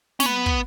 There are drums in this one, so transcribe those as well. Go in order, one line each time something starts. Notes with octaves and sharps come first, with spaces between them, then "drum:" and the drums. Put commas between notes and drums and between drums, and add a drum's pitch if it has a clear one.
C#4, drum: snare
B3
drum: kick